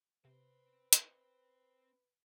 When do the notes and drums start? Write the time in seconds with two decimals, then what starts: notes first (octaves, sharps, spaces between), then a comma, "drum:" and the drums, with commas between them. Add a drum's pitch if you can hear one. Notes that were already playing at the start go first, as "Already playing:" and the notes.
0.25 C3 C4 B4 C5
0.93 drum: hi-hat